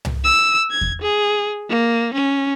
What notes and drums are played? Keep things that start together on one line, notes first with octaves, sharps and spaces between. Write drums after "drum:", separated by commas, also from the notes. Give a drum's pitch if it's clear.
drum: tom C2
E6
G#6
drum: kick E2
G#4
A#3
C#4